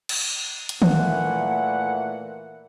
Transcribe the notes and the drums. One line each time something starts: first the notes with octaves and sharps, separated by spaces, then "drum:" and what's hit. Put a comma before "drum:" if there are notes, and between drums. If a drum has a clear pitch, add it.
drum: cymbal
drum: hi-hat
A#2 E3 A3 F#5, drum: tom D#3